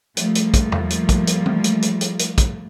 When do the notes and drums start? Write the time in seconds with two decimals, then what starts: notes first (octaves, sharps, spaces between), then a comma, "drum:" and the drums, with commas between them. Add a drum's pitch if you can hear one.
0.17 F3 G3 A3 A#3, drum: hi-hat
0.35 drum: hi-hat
0.54 drum: kick, hi-hat
0.72 drum: tom E2
0.90 drum: hi-hat
1.09 drum: kick, hi-hat
1.27 drum: hi-hat
1.46 drum: tom
1.64 drum: hi-hat
1.82 drum: hi-hat
2.01 drum: hi-hat
2.19 drum: hi-hat
2.38 drum: kick, hi-hat